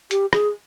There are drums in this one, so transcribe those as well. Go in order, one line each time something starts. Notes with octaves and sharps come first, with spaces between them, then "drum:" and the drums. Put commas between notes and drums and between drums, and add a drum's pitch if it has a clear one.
G4, drum: hi-hat
G#4, drum: rim click